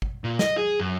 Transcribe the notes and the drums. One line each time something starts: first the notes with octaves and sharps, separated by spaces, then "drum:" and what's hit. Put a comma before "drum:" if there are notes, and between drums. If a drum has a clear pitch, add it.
drum: kick G#1
A#2
D#5, drum: snare
G#4
F#2